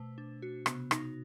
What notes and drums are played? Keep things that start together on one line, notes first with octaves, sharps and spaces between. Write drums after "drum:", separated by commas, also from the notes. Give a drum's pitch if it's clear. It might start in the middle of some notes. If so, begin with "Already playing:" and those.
Already playing: B2 A3 C5
D4
F#4
C3 B3, drum: rim click
D#4, drum: rim click